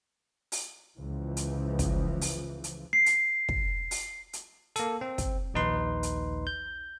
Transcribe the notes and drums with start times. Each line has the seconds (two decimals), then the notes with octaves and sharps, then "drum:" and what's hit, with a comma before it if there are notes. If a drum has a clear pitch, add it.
0.52 drum: open hi-hat
0.98 C#2 E3 F3
1.37 drum: hi-hat
1.79 drum: kick, hi-hat
2.21 drum: open hi-hat
2.64 drum: hi-hat
2.93 C7
3.06 drum: hi-hat
3.49 drum: kick
3.91 drum: open hi-hat
4.33 drum: hi-hat
4.76 A#3 A4, drum: hi-hat
5.01 C4
5.18 drum: kick, hi-hat
5.54 A#1 D#2 D#4 B4 C6
6.03 drum: hi-hat
6.47 G6